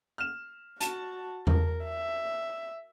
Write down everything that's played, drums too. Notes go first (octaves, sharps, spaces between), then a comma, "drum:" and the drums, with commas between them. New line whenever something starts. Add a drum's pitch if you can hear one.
F6 E7
F#4 A5 E7, drum: hi-hat
A#4, drum: tom E2
E5